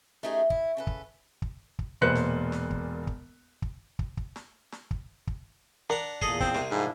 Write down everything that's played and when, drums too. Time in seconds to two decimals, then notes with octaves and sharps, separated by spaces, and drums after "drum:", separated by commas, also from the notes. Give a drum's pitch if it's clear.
0.23 A3 C#4 D#4 G4 G#4
0.50 E4, drum: kick
0.77 C#3 A4 B4
0.87 drum: kick
1.42 drum: kick
1.79 drum: kick
2.01 E1 A#2 B4 C5 F#6 C#7
2.15 drum: snare
2.52 drum: snare
2.70 drum: kick
3.07 drum: kick
3.62 drum: kick
3.99 drum: kick
4.17 drum: kick
4.36 drum: snare
4.72 drum: snare
4.91 drum: kick
5.27 drum: kick
5.90 D4 A#4 F#5 A#5
6.22 E2 A#2 G#4 A4 D#5, drum: kick
6.40 C4, drum: kick
6.54 C2 C3, drum: snare
6.71 G#2 F3 D4 E4